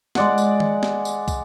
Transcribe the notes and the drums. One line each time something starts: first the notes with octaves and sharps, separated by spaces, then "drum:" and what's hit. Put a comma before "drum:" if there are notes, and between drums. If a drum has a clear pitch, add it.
G#3 D5 F#5, drum: snare
drum: tambourine
drum: tom D#3
drum: snare
drum: tambourine
drum: kick, tambourine